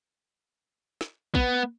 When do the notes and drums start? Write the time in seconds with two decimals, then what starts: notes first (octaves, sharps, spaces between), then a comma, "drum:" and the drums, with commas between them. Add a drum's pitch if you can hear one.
1.01 drum: snare
1.35 B3, drum: kick